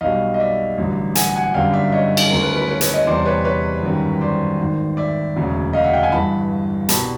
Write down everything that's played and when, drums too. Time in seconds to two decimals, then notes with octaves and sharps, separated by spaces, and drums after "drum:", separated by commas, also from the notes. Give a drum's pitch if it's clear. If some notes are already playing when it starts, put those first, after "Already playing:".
0.01 B1 B2 G3 D#5 F5
0.34 D#5
0.40 D5 E5
0.78 A1 G2 D3 F#3
1.15 F#5 G#5, drum: hi-hat
1.35 F#5 G#5
1.54 G1 F#2 D3 G3 F5 G5
1.73 D5 E5
1.92 C#5 D#5
2.17 drum: cymbal
2.30 D2 C#3 F#3 A#4 C5
2.43 B4
2.56 B4
2.68 B4 C#5
2.81 B4 C#5, drum: hi-hat
2.94 C#5 D#5
3.07 E2 C3 E3 G3 C5 D5
3.25 B4 C#5
3.45 B4 C#5
3.83 G1 F#2 D#3 G3
4.21 C5 D5
4.59 G#1 G#2 D#3
4.97 D5 E5
5.36 E1 D2 C#3 F#3
5.73 D#5 F5
5.84 E5 F#5
5.93 F5 G5
6.02 F#5 G#5
6.12 G1 G2 E3 A5 B5
6.89 C2 B2 G3 A5 B5, drum: hi-hat